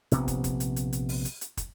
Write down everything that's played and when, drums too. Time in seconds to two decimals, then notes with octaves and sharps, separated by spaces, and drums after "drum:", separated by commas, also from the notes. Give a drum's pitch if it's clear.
0.11 A#1 C3 B3, drum: hi-hat
0.28 drum: kick, hi-hat
0.44 drum: kick, hi-hat
0.60 drum: hi-hat
0.76 drum: hi-hat
0.93 drum: hi-hat
1.09 drum: open hi-hat
1.25 drum: hi-hat
1.41 drum: hi-hat
1.57 drum: kick, hi-hat